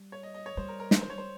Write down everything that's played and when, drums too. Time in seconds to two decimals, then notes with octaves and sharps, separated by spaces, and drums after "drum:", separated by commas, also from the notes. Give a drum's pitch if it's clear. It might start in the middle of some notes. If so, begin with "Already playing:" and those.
Already playing: G3
0.12 C#5
0.23 D#5
0.34 D#5
0.46 C#5
0.57 G3 C5
0.68 A#4
0.80 A#4
0.91 C5, drum: snare
1.02 C5
1.10 C#5
1.18 C5